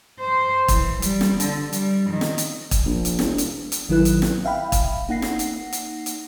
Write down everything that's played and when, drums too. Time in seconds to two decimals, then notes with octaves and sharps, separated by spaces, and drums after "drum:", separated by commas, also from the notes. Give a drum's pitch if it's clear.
0.20 C5
0.68 E3, drum: kick, hi-hat
1.02 G3, drum: hi-hat
1.21 drum: snare
1.40 D3, drum: hi-hat
1.73 G3, drum: hi-hat
2.10 D#3
2.21 drum: snare
2.38 drum: hi-hat
2.71 drum: kick, hi-hat
2.86 A#1
3.05 drum: hi-hat
3.19 E1, drum: snare
3.38 drum: hi-hat
3.72 drum: hi-hat
3.88 A1 D#3 F#3 E4 B4 F#6
4.05 drum: hi-hat
4.22 drum: snare
4.45 E5 F5 G5 B5
4.72 drum: kick, hi-hat
5.09 A#3 D#4 F#5 A#6 C7
5.22 drum: snare
5.39 drum: hi-hat
5.73 drum: hi-hat
6.06 drum: hi-hat